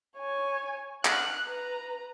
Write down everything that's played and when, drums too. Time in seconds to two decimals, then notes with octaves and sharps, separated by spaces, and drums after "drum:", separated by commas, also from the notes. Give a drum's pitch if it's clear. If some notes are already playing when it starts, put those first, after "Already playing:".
0.17 C#5 G#5
1.05 F6 F#6, drum: clap
1.46 B4 A#5